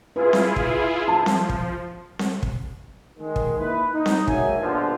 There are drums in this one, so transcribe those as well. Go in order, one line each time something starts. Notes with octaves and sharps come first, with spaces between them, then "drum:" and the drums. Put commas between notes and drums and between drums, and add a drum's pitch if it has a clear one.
E4 F4 G#4 B4
drum: snare C4
drum: kick
F3 A5
drum: snare C4
drum: kick
drum: snare C4
drum: kick
D#3 G#3
drum: kick
A#3 D#4 E4 B4
D#4
drum: snare C4
G#2 D#3 F#3 A#3 E5 G#5, drum: kick
A#1 G2 B2 D3 F3